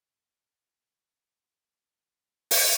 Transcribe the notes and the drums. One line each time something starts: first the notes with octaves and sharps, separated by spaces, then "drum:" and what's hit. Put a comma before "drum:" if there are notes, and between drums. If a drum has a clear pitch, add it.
G#2 B3
drum: open hi-hat